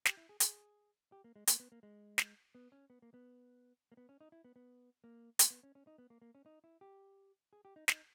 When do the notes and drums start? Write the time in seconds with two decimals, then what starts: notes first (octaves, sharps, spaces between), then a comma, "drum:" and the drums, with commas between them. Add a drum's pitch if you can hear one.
0.05 G4, drum: snare
0.17 E4
0.29 G#4
0.40 G#4, drum: hi-hat
1.12 G4
1.24 A#3
1.36 G#3
1.47 A#3, drum: hi-hat
1.60 B3
1.72 A#3
1.83 G#3
2.18 drum: snare
2.55 B3
2.72 C#4
2.90 B3
3.02 A#3
3.14 B3
3.92 A#3
3.97 B3
4.09 C#4
4.21 D#4
4.32 E4
4.44 B3
4.56 B3
5.04 A#3
5.39 A#3, drum: hi-hat
5.50 B3
5.63 C#4
5.75 C#4
5.87 D#4
5.98 B3
6.10 A#3
6.22 A#3
6.35 C#4
6.46 D#4
6.64 E4
6.81 G4
7.53 G#4
7.65 G4
7.76 D#4
7.88 D#4, drum: snare